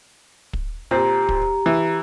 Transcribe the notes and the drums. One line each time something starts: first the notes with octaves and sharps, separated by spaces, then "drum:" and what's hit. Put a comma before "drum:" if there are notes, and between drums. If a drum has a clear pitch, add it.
drum: kick
A#2 C4 G4 A#5
drum: kick
E3